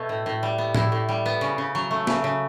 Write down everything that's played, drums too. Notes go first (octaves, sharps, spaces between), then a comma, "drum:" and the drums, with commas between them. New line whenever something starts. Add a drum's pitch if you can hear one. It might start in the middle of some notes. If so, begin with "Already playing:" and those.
Already playing: B2 A3
A2
A2
G3
B3
A2 E4, drum: tom A2
A2
G3
B3
C#3
C#3
F#3
A3
C#3, drum: snare
C#3